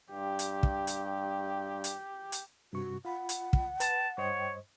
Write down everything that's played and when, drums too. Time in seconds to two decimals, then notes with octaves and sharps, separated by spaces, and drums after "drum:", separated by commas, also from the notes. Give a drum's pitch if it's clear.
0.12 G2 G4
0.39 drum: hi-hat
0.63 drum: kick
0.87 drum: hi-hat
1.84 drum: hi-hat
2.32 drum: hi-hat
2.73 G2 C3 F#4 C#6
3.05 F4 F#5 B5
3.29 drum: hi-hat
3.53 drum: kick
3.80 B4 A5, drum: hi-hat
4.18 G2 C5 C#5 D#5